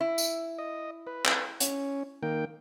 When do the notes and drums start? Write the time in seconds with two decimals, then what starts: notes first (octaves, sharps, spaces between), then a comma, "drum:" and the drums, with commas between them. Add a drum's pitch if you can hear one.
0.01 E4
0.18 drum: tambourine
0.58 D#5
1.07 B4
1.25 drum: clap
1.60 C#4, drum: hi-hat
2.23 D#3 A#3 G5